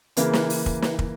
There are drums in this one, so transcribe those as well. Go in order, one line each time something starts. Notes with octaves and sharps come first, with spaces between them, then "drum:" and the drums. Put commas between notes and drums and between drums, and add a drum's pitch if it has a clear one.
C#3 E3 A#3, drum: hi-hat
drum: snare
drum: open hi-hat
drum: kick
drum: snare
drum: kick